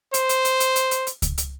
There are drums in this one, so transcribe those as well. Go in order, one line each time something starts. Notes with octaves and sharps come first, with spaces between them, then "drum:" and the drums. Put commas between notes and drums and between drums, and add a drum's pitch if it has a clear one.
C5, drum: hi-hat
drum: hi-hat
drum: hi-hat
drum: hi-hat
drum: hi-hat
drum: hi-hat
drum: hi-hat
drum: kick C#2, hi-hat
drum: hi-hat